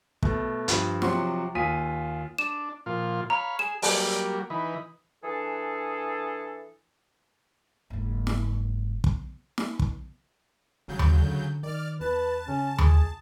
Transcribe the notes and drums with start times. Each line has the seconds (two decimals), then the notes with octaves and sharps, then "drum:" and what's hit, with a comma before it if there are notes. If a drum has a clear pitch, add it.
0.23 B2 A3, drum: kick
0.68 G2 F3, drum: hi-hat
1.02 C3 F3 F#3 F#5 C6 C#6, drum: snare
1.55 D#2 F4 G#5 D#6 B6 D#7
2.38 D4 E7
2.86 A#2 F3 F4
3.30 C#5 F5 A#5 B5
3.59 G#4 E7
3.82 F#3 G3 A#3, drum: open hi-hat
4.50 E3 D#4 B4
5.23 E3 D4 G#4 A4
7.90 F#1 G#2
8.27 drum: snare
9.04 drum: kick
9.58 drum: snare
9.79 drum: kick
10.88 G#1 C#3 F#3 G6
10.99 drum: tom D#2
11.22 D3
11.63 D#3 D5 F6
12.01 E2 B4 A5
12.48 C#3 C#4
12.78 G#4, drum: tom D#2